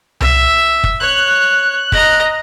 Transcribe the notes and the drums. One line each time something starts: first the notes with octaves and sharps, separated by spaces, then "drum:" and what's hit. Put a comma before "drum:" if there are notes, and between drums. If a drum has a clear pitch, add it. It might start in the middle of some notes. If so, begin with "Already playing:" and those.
E5, drum: tom C2
drum: kick
C#5 F#6
D#5 A#5, drum: kick